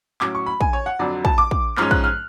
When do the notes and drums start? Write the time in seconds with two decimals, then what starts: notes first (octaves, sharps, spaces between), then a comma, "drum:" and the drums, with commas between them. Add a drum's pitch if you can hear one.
0.21 A2 F#3 C#4 D6, drum: clap
0.35 C#6
0.46 B5
0.61 G#5, drum: kick
0.73 C#5
0.86 F#5
0.99 F2 D3 F#3 D5
1.25 A5, drum: kick
1.38 D6
1.51 drum: kick
1.77 G#2 F3 G#3 C#4 F6, drum: clap
1.91 F#6, drum: kick
2.04 F6